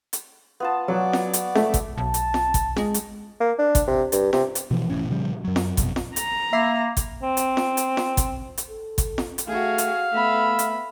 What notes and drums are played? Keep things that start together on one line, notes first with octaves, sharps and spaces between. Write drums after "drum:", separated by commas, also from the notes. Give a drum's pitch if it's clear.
drum: hi-hat
B3 F4 A5
F#3 B3 F#4 D5
drum: snare
drum: hi-hat
A3, drum: snare
drum: kick, hi-hat
B1 A5
drum: hi-hat
drum: snare
drum: kick, hi-hat
G#3, drum: snare
drum: hi-hat
A#3
D4
drum: kick, hi-hat
C3
G2, drum: hi-hat
C3, drum: snare
drum: hi-hat
B2 E3 F3
F1 A2 E3 C#4
A#2 C#3 F3 G3
F#2 F#3
drum: snare
A#1 F2 B2, drum: kick, hi-hat
drum: snare
A#5, drum: hi-hat
A#3 E5 B5 C7
drum: kick, hi-hat
C4
drum: hi-hat
drum: snare
drum: hi-hat
drum: snare
drum: kick, hi-hat
drum: hi-hat
A4
drum: kick, hi-hat
drum: snare
drum: hi-hat
A3 F#4 G#4 F5
drum: hi-hat
A3 B3 E5 B5
drum: hi-hat